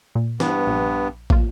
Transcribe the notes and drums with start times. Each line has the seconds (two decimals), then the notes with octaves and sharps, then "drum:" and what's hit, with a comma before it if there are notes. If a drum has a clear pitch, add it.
0.15 A#2
0.40 G2 E3 B3, drum: snare
0.67 A#1
1.30 A#3 F4, drum: kick